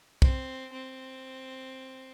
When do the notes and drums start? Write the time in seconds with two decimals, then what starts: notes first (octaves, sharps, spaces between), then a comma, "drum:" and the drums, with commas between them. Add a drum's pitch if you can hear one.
0.22 C4, drum: kick
0.72 C4